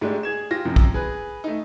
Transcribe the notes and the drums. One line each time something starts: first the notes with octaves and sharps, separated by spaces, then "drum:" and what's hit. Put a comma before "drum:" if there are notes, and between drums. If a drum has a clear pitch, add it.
G#2 G#3 A3 D4 G4
G#4 G#6 E7
F4 G4 A#6
F#2 C3 F3
drum: kick B1
G#4 B4
A3 D#4